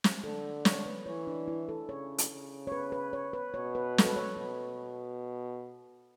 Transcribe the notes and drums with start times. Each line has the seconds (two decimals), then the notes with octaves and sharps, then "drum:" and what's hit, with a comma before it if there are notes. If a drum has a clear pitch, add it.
0.04 drum: snare
0.24 D3 A4
0.65 C#5, drum: snare
0.86 B4
1.06 E3 C#5
1.27 D4
1.48 E4
1.69 A4
1.89 C#3 C#5
2.18 drum: hi-hat
2.30 C#3
2.67 C#5
2.72 B4
2.92 B4
3.13 C#5
3.33 B4
3.54 B2 C#5
3.75 B4
3.98 A4, drum: snare
4.07 B4
4.16 C#5
4.37 B2 B4